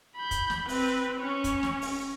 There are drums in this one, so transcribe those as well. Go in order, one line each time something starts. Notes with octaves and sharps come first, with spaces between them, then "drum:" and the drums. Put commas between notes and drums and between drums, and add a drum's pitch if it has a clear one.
B5 G6
drum: kick, hi-hat
drum: snare
C4 B4, drum: open hi-hat
C#4 C#5
drum: kick, hi-hat
drum: snare
drum: open hi-hat